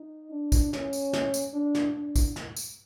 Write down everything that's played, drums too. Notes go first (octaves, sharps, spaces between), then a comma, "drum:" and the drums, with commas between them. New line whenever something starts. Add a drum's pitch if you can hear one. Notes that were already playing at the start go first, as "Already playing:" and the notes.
Already playing: D#4
D4
drum: kick, tambourine
C#4, drum: snare
drum: tambourine
drum: snare
drum: tambourine
D4
drum: snare
D4
drum: kick, tambourine
drum: snare
drum: tambourine